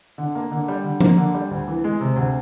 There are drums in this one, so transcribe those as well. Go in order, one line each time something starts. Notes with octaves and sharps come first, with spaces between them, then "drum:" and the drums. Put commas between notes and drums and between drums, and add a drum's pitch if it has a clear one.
D3
A#3
D3
G3
D3
A#3, drum: tom F3
D3
G3
D2
E3
G#3
C3
D2